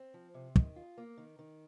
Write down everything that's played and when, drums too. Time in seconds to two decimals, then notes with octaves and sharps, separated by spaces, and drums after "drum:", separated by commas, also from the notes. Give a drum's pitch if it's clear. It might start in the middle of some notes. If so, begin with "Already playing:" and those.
Already playing: C4
0.14 F3
0.34 C3
0.56 D#3, drum: kick
0.76 F4
0.98 A#3
1.18 D#3
1.39 D#3